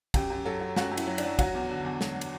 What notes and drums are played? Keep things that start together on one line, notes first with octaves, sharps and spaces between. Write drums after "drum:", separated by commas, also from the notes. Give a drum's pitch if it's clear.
F#2 G4, drum: kick, cymbal
F#2
F#3 A4
F#3
F#2 F#4, drum: snare
F#2
E4, drum: cymbal
F#3
D4, drum: cymbal
F#3
F#3 F#4, drum: kick, cymbal
E2
D3
E2
F#3, drum: snare
drum: cymbal